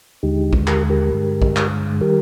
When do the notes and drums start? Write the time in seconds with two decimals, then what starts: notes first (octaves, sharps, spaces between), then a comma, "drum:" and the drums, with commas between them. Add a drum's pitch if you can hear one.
0.23 D#2 D3 G#3 D#4 G4
0.53 drum: kick
0.67 G4 A#4, drum: clap
0.90 G4 A#4
1.12 G2 D3 G#3
1.42 drum: kick
1.56 drum: clap
2.01 D#3 G3 G4 A#4